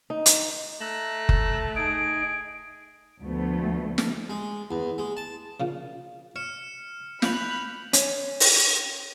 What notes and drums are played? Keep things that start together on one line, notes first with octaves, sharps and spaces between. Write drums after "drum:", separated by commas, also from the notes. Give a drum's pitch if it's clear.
D#4
drum: hi-hat
A3 A#5 E6 F#6
drum: kick F#1
D#4 G#4 D#5 D7
D2 F3 A3 B3
drum: snare
G#3
E2
G#3
A5
A#2 C#3 F3
C#5 F6 C#7 E7
F3 C#4 F4 B5 F#6 G6 F7 F#7, drum: snare
C#4, drum: hi-hat
drum: open hi-hat